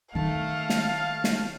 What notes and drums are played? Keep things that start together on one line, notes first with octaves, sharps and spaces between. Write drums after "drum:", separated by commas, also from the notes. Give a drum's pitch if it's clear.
D#3 A3 D#4 F5 A5
drum: snare
drum: snare